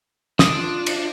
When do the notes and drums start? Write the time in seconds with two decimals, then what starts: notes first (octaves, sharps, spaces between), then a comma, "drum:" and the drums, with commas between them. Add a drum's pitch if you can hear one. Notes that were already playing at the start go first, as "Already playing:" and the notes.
0.39 D3 D4 D#6, drum: snare
0.55 F4
0.86 drum: cymbal